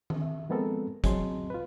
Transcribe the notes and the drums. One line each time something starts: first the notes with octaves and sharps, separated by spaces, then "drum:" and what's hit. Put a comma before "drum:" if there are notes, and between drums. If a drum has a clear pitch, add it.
drum: tom D#3
E5
F3 G#3 B3 C4 A4 A#4
F#3 C4 G#4 D#5 A5 C6, drum: kick, hi-hat
F4 B4